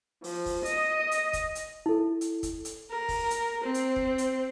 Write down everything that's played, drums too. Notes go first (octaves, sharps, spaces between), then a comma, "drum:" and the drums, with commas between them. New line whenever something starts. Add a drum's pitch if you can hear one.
F3, drum: open hi-hat
drum: kick, open hi-hat
D#5, drum: hi-hat
drum: hi-hat
drum: kick, hi-hat
drum: hi-hat
E4 A4
drum: hi-hat
drum: kick, hi-hat
drum: hi-hat
A#4
drum: kick, open hi-hat
drum: hi-hat
C4
drum: hi-hat
drum: kick
drum: hi-hat